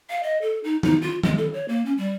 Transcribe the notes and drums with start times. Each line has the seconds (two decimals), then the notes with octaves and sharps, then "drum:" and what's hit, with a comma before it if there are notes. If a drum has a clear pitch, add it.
0.10 F5
0.23 D#5
0.42 A4
0.64 D#4
0.83 D#4, drum: tom D#3
1.02 F4
1.24 G#3, drum: tom D#3
1.38 A4
1.53 C#5
1.68 A#3
1.86 C#4
1.98 G3